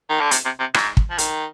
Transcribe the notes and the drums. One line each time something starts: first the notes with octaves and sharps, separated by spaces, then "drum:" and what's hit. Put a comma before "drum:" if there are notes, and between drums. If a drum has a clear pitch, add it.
D#3
D3
C3, drum: hi-hat
C3
C3
G#2, drum: rim click
drum: kick
F3
D#3, drum: hi-hat